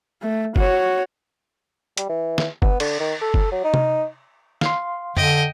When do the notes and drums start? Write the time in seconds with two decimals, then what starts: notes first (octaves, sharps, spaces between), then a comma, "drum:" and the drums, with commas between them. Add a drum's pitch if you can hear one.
0.22 A3
0.56 F#4 C#5, drum: kick F#1
1.97 G3, drum: hi-hat
2.09 E3
2.38 drum: snare
2.62 B3, drum: kick F#1
2.80 D3, drum: cymbal
3.00 D#3
3.22 A4
3.34 drum: kick F#1
3.52 F#3
3.64 D#4
3.74 drum: tom C3
4.61 F5 C6, drum: snare
5.17 D3 D#5 G5, drum: tom F2